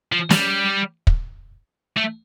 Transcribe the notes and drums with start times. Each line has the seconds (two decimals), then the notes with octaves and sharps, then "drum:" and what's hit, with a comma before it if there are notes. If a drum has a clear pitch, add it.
0.12 F3
0.30 G3, drum: snare
1.07 drum: kick
1.97 A3